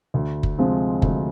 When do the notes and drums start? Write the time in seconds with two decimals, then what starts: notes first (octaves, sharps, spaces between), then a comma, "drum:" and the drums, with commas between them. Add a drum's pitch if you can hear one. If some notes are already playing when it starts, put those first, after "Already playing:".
0.14 D2
0.43 drum: kick F#1
0.58 C3 F3 G#3 C4
1.02 D2, drum: kick F#1